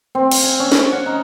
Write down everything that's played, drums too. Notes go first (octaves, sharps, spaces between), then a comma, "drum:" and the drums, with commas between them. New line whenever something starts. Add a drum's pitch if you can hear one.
C4
F5, drum: cymbal
G#5
C#4
C#4, drum: snare
F#5
D#4